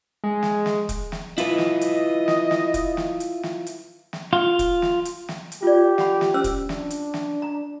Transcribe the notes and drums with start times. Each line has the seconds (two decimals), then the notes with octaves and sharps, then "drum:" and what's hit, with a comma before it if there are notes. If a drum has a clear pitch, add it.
0.24 G#3
0.43 drum: snare
0.66 drum: snare
0.89 drum: kick, hi-hat
1.12 drum: snare
1.38 E4 F4 B4 D#5, drum: hi-hat
1.58 drum: snare
1.81 drum: hi-hat
2.28 drum: snare
2.51 drum: snare
2.74 drum: kick, hi-hat
2.97 drum: snare
3.20 drum: hi-hat
3.43 drum: snare
3.67 drum: hi-hat
4.13 drum: snare
4.33 F4
4.59 drum: kick, hi-hat
4.82 drum: snare
5.05 drum: hi-hat
5.29 drum: snare
5.52 drum: hi-hat
5.63 F4 G4 D5
5.98 F#5 B5, drum: snare
6.21 drum: snare
6.34 C#4 C5 E6
6.44 drum: kick, hi-hat
6.69 D4, drum: snare
6.91 drum: hi-hat
7.14 drum: snare
7.42 A#5